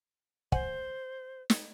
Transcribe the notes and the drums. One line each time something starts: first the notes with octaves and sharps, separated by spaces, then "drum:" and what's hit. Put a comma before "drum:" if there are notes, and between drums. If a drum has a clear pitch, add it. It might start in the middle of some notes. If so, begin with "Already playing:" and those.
C5 F#5 G#5, drum: kick
drum: snare